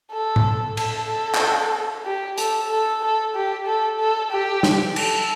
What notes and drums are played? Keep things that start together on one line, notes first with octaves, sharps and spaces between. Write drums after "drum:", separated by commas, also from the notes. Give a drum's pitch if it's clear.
A4
drum: tom A2
A4, drum: cymbal
A4
drum: clap
G4
A4, drum: hi-hat
A4
A4
G4
A4
A4
G4
drum: snare
A4, drum: cymbal